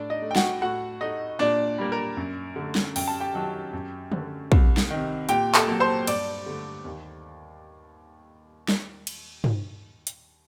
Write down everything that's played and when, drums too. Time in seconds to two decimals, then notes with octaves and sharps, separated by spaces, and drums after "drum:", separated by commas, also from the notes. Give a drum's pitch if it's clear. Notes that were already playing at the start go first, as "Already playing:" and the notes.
Already playing: A2 D4 D5
0.10 D#4 D#5
0.22 A3
0.31 G5
0.36 F#4 F#5, drum: snare
0.61 A2 F#4 F#5
1.01 A3 D#4 D#5
1.39 A#2 D4 D5
1.78 G3 A#3
1.92 A#4
2.17 F#2
2.56 D3 A3
2.75 drum: snare
2.96 F#2 G5, drum: open hi-hat
3.08 A5
3.20 G4 G5
3.34 D#3 F#3
3.73 F#2
4.12 D3 A3, drum: tom
4.52 C2, drum: kick
4.77 drum: snare
4.91 C3 D#3
5.29 A#2 G4 G5, drum: hi-hat
5.54 A4 A5, drum: clap
5.67 F#3 A#3
5.80 C5 C6
6.07 G2 D5 D6, drum: cymbal
6.46 D3 A3
6.85 D#2
8.68 drum: snare
9.07 drum: cymbal
9.44 drum: tom
10.07 drum: hi-hat